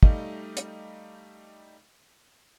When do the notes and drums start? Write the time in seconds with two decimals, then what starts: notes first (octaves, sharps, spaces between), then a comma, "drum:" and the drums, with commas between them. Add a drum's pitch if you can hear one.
0.03 G3 A3 D#4 G4 D#5 F5, drum: kick
0.57 drum: hi-hat